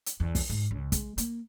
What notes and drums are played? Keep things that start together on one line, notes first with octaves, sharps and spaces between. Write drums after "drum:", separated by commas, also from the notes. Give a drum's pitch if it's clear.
drum: hi-hat
E2
drum: kick, open hi-hat
G#2
C#2
G#3, drum: kick, hi-hat
A#3, drum: hi-hat